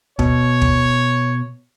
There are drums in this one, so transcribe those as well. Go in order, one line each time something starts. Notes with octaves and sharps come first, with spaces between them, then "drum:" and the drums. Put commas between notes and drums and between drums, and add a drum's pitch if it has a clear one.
B2 C#5, drum: kick
drum: kick